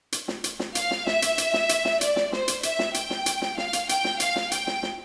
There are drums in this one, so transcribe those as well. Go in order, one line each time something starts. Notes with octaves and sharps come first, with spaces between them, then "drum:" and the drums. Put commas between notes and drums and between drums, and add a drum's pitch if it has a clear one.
drum: hi-hat
drum: snare
drum: hi-hat
drum: snare
F5, drum: hi-hat
drum: snare
E5, drum: snare
drum: hi-hat
drum: hi-hat
drum: snare
drum: hi-hat
drum: snare
D5, drum: hi-hat
drum: snare
C5, drum: snare
drum: hi-hat
E5, drum: hi-hat
drum: snare
G5, drum: hi-hat
drum: snare
drum: hi-hat
drum: snare
F5, drum: snare
drum: hi-hat
G5, drum: hi-hat
drum: snare
F5, drum: hi-hat
drum: snare
G5, drum: hi-hat
drum: snare
drum: snare